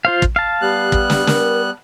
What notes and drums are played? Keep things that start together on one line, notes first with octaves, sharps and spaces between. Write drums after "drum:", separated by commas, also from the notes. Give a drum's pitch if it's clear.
F4 C5 F5
drum: kick
F5 A5
G3 B3 G4 F#6
drum: kick
drum: snare
A#4, drum: snare